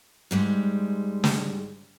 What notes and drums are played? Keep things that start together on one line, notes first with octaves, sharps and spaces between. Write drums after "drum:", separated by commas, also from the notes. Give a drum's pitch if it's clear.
G#2 G3 G#3
drum: snare